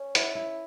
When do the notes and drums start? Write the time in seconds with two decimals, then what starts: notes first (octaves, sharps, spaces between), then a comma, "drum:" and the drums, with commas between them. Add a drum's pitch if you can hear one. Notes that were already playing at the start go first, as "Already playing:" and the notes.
Already playing: C#4
0.15 E4, drum: hi-hat
0.35 E4